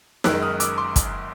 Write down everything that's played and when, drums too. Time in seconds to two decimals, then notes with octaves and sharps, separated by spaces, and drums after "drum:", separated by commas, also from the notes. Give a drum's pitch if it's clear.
0.24 F#1 F#2 D#3 G#3 E6 F#6, drum: snare
0.42 D#6 F6
0.60 D6 E6, drum: hi-hat
0.78 C6 D6
0.96 drum: kick, hi-hat